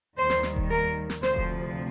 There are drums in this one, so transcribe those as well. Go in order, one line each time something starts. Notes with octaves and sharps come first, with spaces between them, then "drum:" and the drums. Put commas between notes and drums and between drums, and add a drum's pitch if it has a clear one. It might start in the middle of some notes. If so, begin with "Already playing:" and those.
D#2 D#3 G3 C5
drum: snare
drum: snare
drum: kick E1
A#4
drum: snare
D2 C3 F3 C5, drum: snare
drum: kick E1